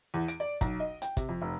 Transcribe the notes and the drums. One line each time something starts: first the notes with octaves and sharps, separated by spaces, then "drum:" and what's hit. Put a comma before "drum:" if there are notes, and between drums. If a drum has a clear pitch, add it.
E2
D7, drum: hi-hat
D5
B1, drum: kick, hi-hat
D#5
G5, drum: hi-hat
C3, drum: kick, hi-hat
F2
F1